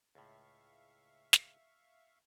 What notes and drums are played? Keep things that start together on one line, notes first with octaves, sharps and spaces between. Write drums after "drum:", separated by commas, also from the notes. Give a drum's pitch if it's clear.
C#2 A2 E5 F5 C#6
drum: snare